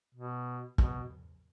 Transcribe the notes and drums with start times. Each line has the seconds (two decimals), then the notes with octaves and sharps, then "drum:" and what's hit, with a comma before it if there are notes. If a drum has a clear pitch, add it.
0.15 B2
0.78 B2, drum: kick